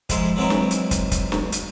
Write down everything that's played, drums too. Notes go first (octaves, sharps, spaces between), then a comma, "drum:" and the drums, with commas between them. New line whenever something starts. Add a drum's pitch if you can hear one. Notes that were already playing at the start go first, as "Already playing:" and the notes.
G#2 F3 E4 G#4 C5, drum: kick, hi-hat
E3 F#3 G#3 C4 D#4 E4
drum: snare
drum: hi-hat
drum: kick, hi-hat
drum: kick, hi-hat
drum: snare
drum: hi-hat